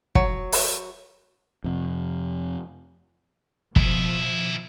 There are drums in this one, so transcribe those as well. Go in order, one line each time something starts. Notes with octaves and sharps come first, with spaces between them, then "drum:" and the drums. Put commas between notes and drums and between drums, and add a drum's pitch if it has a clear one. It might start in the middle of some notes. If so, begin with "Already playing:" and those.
F#3, drum: kick
drum: open hi-hat
F2 C3
B2 D#3 F3 E4, drum: kick